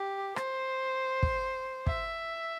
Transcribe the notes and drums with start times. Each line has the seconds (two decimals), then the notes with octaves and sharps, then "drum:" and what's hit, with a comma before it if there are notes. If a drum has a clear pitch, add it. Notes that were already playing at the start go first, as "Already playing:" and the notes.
Already playing: G4
0.36 C5, drum: rim click
1.23 drum: kick
1.87 E5, drum: kick